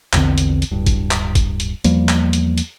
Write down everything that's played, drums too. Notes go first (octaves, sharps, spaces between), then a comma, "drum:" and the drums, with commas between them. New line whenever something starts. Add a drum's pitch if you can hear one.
A#1 E2 D3 C4, drum: clap
drum: hi-hat
drum: hi-hat
D1 G2
drum: kick, hi-hat
drum: clap
drum: kick, hi-hat
drum: hi-hat
E2 F3 G3 A#3, drum: hi-hat
drum: clap
drum: hi-hat
drum: hi-hat